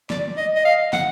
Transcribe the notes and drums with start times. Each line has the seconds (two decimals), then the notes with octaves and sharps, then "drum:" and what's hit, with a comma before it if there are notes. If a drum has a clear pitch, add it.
0.10 D5, drum: snare
0.37 D#5
0.56 D#5
0.65 F5
0.93 F#5, drum: snare